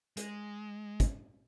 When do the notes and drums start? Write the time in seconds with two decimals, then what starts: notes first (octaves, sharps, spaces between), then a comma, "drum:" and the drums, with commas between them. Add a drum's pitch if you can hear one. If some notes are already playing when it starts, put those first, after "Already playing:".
0.17 G#3, drum: hi-hat
1.00 drum: kick, hi-hat